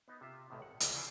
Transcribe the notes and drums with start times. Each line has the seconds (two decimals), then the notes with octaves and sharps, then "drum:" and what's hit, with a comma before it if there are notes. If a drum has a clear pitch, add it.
0.08 B3 D#4
0.21 C3 F4 E5
0.50 B1 A2 D#3
0.62 F#5
0.80 C#2 C#3 A#3, drum: hi-hat
0.94 C#3 E3 F3 C4 E4 F4